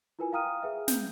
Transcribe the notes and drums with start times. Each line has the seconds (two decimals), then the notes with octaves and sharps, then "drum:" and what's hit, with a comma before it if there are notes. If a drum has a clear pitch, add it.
0.19 E4 F4 A#4 B4 G#5
0.33 F5 G5 A#5 D#6 F6 D#7
0.62 G#4 B4 E5
0.88 G6, drum: snare